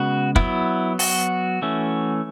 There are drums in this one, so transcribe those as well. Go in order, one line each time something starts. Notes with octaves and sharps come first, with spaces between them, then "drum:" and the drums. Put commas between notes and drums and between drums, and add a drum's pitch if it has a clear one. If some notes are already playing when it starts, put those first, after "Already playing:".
Already playing: C#3 G#3 B3 F#4
F#3 B3 E4, drum: kick
F#4, drum: open hi-hat
E3 A3 C#4